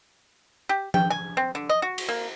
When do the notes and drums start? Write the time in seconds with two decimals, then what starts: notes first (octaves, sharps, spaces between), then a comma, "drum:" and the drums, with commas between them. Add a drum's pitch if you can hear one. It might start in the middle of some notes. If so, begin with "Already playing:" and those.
0.69 G4
0.94 G5, drum: tom F3
1.10 G#5
1.37 C4
1.55 D3
1.69 D#5
1.82 F#4
1.98 drum: cymbal
2.09 A#3